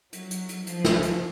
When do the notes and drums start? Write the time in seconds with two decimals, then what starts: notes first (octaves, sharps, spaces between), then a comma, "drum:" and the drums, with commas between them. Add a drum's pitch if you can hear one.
0.13 F#3, drum: hi-hat
0.31 drum: hi-hat
0.49 drum: hi-hat
0.67 F3, drum: hi-hat
0.85 drum: snare
1.02 drum: hi-hat